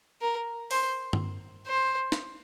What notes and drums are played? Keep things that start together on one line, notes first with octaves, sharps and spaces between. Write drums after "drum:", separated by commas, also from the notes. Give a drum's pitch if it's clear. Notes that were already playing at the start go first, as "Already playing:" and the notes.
A#4
C5, drum: open hi-hat
drum: tom G2
C5
drum: snare